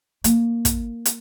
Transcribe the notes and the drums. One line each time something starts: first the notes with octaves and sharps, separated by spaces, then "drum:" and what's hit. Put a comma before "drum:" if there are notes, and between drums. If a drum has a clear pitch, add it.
A#3, drum: hi-hat
drum: kick, hi-hat
drum: hi-hat